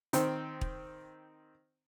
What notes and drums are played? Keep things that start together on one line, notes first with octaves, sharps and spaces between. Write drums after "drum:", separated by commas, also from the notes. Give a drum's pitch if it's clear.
D#3 C4, drum: hi-hat
drum: kick